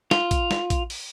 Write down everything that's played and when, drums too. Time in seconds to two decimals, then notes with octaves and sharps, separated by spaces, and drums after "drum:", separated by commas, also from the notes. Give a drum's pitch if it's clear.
0.11 F4, drum: snare
0.31 drum: kick, hi-hat
0.51 drum: snare
0.70 drum: kick, hi-hat
0.90 drum: open hi-hat